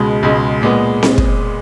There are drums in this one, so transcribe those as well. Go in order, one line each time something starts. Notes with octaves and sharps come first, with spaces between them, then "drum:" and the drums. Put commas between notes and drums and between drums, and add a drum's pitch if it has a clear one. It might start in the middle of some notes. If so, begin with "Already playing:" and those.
Already playing: C#2 B2 G#3
C#2 B2 G#3
A#2 G#3 B3
drum: snare C4
drum: kick